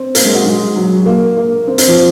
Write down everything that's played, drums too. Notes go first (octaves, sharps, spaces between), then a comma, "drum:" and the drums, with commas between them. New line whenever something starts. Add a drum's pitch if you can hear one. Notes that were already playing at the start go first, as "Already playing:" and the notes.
Already playing: C4
A#3, drum: hi-hat
G#3
F#4
G#3
F#3
A#3
A#3
C4
C4, drum: hi-hat
F3